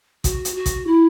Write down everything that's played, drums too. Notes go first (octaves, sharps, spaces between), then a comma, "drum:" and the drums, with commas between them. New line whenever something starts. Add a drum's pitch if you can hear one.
F#4, drum: kick A1, hi-hat
drum: hi-hat
F#4
drum: kick A1, hi-hat
E4